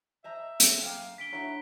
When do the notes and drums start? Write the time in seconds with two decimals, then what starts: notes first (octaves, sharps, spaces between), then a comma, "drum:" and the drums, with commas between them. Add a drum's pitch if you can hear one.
0.24 C5 D#5 E5 A#5
0.60 drum: hi-hat
0.83 F#2 A#3 F5 G5
1.18 D3 B6 D7 G7
1.33 A3 D4 E4 F#4 C#5 A#5